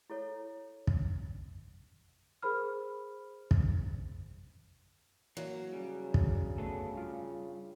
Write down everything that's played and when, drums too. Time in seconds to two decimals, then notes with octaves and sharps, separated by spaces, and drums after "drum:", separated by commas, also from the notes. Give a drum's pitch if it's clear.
0.10 E4 A4 C#5
0.87 drum: kick
2.43 G#4 A#4 C5 B5 F6
3.51 drum: kick
5.37 E3 F#3 A#3
5.73 C#3 G3
6.14 drum: kick
6.58 A3 B3 D4 A4
6.97 G2 F4